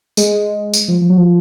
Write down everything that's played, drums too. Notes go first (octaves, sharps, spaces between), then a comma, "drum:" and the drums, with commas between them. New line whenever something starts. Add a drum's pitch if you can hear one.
G#3, drum: tambourine
drum: tambourine
F3
F3
F#3
F3